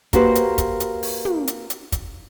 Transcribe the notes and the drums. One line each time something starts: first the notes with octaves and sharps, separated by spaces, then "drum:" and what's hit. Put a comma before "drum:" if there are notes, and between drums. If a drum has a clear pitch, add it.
A#3 F#4 G4 B4 C5, drum: kick, hi-hat
drum: hi-hat
drum: kick, hi-hat
drum: hi-hat
drum: open hi-hat
drum: tom
drum: hi-hat
drum: hi-hat
drum: kick, hi-hat